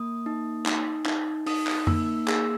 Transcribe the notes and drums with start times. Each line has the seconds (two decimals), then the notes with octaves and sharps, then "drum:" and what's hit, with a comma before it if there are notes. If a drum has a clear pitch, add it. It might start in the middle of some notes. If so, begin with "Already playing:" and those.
Already playing: A#3 D#6
0.26 D#4
0.66 D#4, drum: clap
1.06 D#4, drum: clap
1.47 D#4 D#6, drum: open hi-hat
1.67 drum: clap
1.87 A#3 E6, drum: tom F2
2.28 G#4 E6, drum: clap